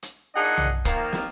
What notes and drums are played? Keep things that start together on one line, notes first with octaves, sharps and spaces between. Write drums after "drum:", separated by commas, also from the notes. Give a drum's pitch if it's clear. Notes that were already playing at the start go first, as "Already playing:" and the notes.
drum: hi-hat
A#2 D4 D#4 G#4 D#5 F#5
drum: tom B1
D#3 F3 A#3, drum: kick, hi-hat
drum: snare